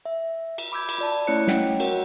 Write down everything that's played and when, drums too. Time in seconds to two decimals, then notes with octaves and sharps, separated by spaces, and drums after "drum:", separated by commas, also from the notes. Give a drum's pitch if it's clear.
0.05 E5
0.58 drum: cymbal
0.72 B5 D6 E6 G6 G#6
0.89 drum: cymbal
0.98 F4 D5 A5
1.27 A3 C#4 E4 C#5 F#6 C#7
1.48 C#4 C#5 D#5 F#5 G5, drum: snare
1.80 F#4 A#4 C#5 F#5, drum: cymbal